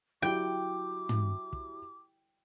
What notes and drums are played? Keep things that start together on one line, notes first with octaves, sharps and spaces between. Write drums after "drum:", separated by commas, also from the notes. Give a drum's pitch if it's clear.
F#3 E4 G4 G5 D6
drum: tom
drum: kick